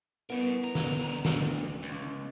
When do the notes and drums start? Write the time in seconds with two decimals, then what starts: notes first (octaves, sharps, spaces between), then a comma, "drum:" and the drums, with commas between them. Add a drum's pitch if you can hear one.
0.30 B3 E4 A#4
0.63 D3 A#5
0.75 drum: snare
1.25 A3 D4, drum: snare
1.83 C#2